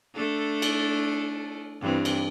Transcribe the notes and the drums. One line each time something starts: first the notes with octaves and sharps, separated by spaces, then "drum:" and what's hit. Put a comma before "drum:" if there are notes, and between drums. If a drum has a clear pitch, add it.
A3 D4 A4
drum: cymbal
G2 E3 C4
drum: cymbal